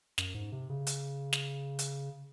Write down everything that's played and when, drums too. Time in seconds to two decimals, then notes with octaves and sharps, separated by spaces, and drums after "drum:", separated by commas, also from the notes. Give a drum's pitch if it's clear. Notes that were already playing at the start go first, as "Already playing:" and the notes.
0.18 F#2, drum: snare
0.35 G#2
0.52 C3
0.70 C#3
0.87 drum: hi-hat
1.33 drum: snare
1.79 drum: hi-hat